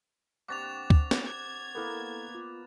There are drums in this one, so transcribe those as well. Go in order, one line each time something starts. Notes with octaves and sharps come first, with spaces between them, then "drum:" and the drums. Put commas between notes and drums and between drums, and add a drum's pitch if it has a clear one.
C3 D4 F#4 D6 A6 F7
drum: kick D2
drum: snare
G#6
A#3 B3 E4 A4 A#4
F4